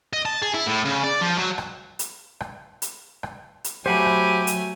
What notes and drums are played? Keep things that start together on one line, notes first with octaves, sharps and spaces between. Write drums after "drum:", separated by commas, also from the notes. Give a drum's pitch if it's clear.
D#5
A5
G#4
E4
A2
C#3
D5
F3
F#3
drum: rim click
drum: hi-hat
drum: rim click
drum: hi-hat
drum: rim click
drum: hi-hat
F#3 A3 G4 C5 F#5 G#5 B5
drum: rim click
drum: hi-hat